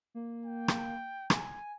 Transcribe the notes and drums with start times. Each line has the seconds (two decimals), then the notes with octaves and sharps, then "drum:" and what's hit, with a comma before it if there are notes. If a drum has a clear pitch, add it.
0.15 A#3
0.46 G5
0.68 drum: rim click
1.30 G#5, drum: rim click